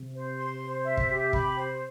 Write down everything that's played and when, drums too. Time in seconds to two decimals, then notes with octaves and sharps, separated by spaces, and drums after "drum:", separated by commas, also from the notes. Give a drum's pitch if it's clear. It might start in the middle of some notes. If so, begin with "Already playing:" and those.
Already playing: C3
0.15 C5
0.38 C6
0.63 C5
0.85 E5
0.97 drum: kick
1.09 G4
1.33 B5, drum: kick
1.56 C5